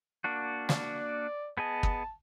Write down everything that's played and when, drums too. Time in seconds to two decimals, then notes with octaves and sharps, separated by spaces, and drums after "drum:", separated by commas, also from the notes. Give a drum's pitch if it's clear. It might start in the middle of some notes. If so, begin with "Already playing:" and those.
0.24 A#3 D4 F#4
0.69 D5, drum: snare
1.57 B3 G#4 D#5 A5
1.83 drum: kick